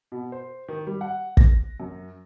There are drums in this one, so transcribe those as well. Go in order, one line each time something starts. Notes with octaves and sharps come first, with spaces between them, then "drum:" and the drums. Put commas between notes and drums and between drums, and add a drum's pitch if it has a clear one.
B2
C5
D#3
G3
F#5
A#6, drum: kick
F#2